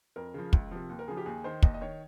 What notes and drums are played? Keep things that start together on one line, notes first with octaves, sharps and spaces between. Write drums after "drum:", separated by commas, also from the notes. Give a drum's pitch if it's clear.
F2 A#4
C#3 F3
C#2, drum: kick
C3 F3
D#2
A#4
C#3 F3 G#4
G4
D#2 G#4
D#3 C5
D#2 D#5, drum: kick
D#5
D#3 C#5